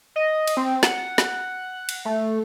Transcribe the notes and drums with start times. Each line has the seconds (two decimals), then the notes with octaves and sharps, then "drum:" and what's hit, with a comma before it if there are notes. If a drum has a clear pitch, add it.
0.16 D#5
0.48 drum: cymbal
0.57 C4
0.83 F#5, drum: snare
1.18 drum: snare
1.89 drum: cymbal
2.05 A3